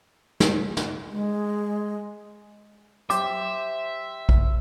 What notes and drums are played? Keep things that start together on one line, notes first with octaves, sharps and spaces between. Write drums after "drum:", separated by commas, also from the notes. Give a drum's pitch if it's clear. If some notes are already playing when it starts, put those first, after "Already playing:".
drum: snare
drum: snare
G#3
G4 C5 E5 D6, drum: hi-hat
drum: kick A#1